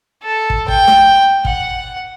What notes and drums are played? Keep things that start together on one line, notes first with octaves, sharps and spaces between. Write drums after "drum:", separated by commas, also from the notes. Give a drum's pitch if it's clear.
A4
drum: kick
G5, drum: kick
drum: snare
F#5, drum: kick